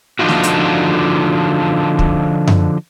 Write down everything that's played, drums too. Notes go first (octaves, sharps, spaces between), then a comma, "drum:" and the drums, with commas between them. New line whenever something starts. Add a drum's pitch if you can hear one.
D3 F3 D4 D#4 F4 F#4
drum: snare
drum: hi-hat
drum: kick
drum: tom F#2